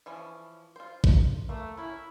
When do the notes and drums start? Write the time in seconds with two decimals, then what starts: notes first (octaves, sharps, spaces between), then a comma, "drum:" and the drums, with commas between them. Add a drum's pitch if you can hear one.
0.06 E3 F3 C#4
0.76 F4 C5
1.04 drum: kick
1.49 A3 A#3
1.77 C#4 E4